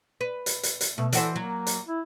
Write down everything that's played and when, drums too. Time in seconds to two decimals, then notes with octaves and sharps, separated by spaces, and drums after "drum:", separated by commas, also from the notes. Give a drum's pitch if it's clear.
0.21 B4
0.46 drum: hi-hat
0.63 drum: hi-hat
0.81 drum: hi-hat
0.98 B2 A3
1.13 E3 F#4 A4 C5, drum: hi-hat
1.36 F#3 A#3
1.67 drum: hi-hat
1.87 E4